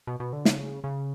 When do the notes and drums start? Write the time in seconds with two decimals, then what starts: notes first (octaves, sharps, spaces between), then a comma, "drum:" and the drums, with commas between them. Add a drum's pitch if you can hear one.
0.07 B2
0.20 B2
0.33 D3
0.45 C#3, drum: snare
0.84 C#3